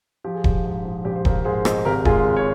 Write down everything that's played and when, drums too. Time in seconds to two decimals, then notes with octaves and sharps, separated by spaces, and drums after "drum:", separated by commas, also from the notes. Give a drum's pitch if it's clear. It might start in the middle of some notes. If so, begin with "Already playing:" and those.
0.24 F3 G4
0.34 G#4
0.44 A#1 G4, drum: kick D#1
0.64 G#2
0.85 F3
1.05 A#1 G4
1.15 C5
1.25 A#1 G4 A#4, drum: kick D#1
1.45 G#2 G#4 C5
1.65 G#2 C5 D#5, drum: rim click
1.85 G#1 G4 A#4
2.05 G#3 F4 G#4, drum: kick D#1
2.26 G#1
2.37 C#5